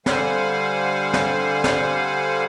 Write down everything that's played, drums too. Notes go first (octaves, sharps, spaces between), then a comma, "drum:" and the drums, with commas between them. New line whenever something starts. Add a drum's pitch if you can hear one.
D3 G3 C5 F5 F#5 G#5, drum: snare
drum: snare
drum: snare